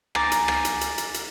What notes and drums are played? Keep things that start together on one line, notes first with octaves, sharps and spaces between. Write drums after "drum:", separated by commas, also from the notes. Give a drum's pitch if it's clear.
G#5 A#5 D6 A6, drum: rim click
drum: hi-hat
drum: rim click
drum: hi-hat
drum: hi-hat
drum: hi-hat
drum: hi-hat